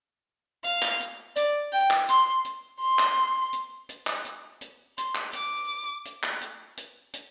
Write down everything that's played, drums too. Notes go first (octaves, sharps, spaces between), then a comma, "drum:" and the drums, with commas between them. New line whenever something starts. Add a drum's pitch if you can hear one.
F5, drum: hi-hat
drum: clap
drum: hi-hat
D5, drum: hi-hat
G5
drum: clap
C6, drum: hi-hat
drum: hi-hat
C6
drum: clap
drum: hi-hat
drum: hi-hat
drum: clap
drum: hi-hat
drum: hi-hat
C6, drum: hi-hat
drum: clap
D6, drum: hi-hat
drum: hi-hat
drum: clap
drum: hi-hat
drum: hi-hat
drum: hi-hat